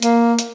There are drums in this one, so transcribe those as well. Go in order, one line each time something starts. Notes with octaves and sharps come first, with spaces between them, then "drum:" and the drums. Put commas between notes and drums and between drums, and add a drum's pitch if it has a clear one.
A#3, drum: hi-hat
drum: hi-hat